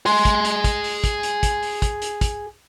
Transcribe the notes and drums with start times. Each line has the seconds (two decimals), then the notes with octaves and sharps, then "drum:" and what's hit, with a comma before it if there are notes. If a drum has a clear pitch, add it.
0.06 G#4 C6, drum: open hi-hat
0.25 drum: kick, hi-hat
0.45 drum: hi-hat
0.64 drum: kick, hi-hat
0.84 drum: open hi-hat
1.04 drum: kick, hi-hat
1.23 drum: hi-hat
1.43 drum: kick, hi-hat
1.62 drum: open hi-hat
1.82 drum: kick, hi-hat
2.02 drum: hi-hat
2.21 drum: kick, hi-hat